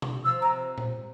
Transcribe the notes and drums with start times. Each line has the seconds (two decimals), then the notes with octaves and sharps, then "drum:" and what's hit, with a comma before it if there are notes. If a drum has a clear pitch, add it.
0.02 drum: tom B2
0.25 F3 E6
0.42 C3 A#5
0.78 drum: tom A#2